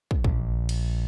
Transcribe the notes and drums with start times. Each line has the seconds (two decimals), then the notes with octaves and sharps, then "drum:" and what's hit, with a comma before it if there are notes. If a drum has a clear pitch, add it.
0.11 drum: kick
0.24 A#1, drum: kick
0.69 drum: cymbal